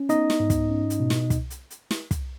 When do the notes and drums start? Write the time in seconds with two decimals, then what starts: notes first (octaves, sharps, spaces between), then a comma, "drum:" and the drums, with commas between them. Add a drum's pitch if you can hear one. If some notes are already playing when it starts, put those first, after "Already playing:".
Already playing: C#4
0.09 B3 D#4 D#5, drum: hi-hat
0.30 drum: snare
0.40 G#2
0.50 drum: kick, hi-hat
0.70 C#4
0.90 drum: hi-hat
1.00 B2
1.10 drum: snare
1.30 drum: kick, hi-hat
1.50 drum: hi-hat
1.70 drum: hi-hat
1.91 drum: snare
2.11 drum: kick, hi-hat